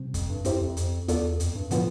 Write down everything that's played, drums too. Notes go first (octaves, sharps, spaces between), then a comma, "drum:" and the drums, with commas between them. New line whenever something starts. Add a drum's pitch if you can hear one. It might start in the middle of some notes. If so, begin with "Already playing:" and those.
Already playing: C3 G3 C4
F2, drum: kick F1, hi-hat
G2
F2 C4 E4 G4 C5 E5, drum: hi-hat
F2
F2, drum: hi-hat
E2 B3 F4 A4 D5, drum: hi-hat
F2, drum: hi-hat
G2
A2 D3 F3 B3 F4 B4, drum: hi-hat